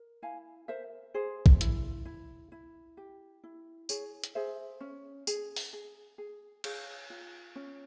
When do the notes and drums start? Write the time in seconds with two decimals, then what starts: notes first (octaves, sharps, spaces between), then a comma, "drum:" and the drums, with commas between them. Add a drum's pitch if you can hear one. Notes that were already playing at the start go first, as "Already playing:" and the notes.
Already playing: A#4
0.22 E4 F5 G#5
0.68 A#4 C5 E5
1.14 G#4 C5
1.46 drum: kick
1.61 E4, drum: hi-hat
2.05 E4
2.52 E4
2.97 G4
3.44 E4
3.89 G#4 C#5, drum: tambourine
4.24 drum: hi-hat
4.35 G#4 C5 E5
4.81 C#4
5.27 G#4, drum: tambourine
5.56 drum: open hi-hat
5.73 G#4
6.18 G#4
6.64 G#4 C#5 F5, drum: cymbal
7.10 F4
7.56 C#4